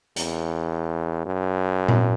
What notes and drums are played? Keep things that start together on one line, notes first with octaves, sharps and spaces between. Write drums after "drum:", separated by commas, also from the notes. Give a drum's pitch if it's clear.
E2, drum: hi-hat
F#2
drum: tom A#2